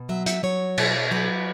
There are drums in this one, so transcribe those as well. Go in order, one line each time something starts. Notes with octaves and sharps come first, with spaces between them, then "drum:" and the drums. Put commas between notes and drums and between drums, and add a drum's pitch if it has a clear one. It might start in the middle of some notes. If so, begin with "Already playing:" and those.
Already playing: B2
F#3 E5
E5, drum: hi-hat
F#3 C#5
B2, drum: cymbal
F#3 B4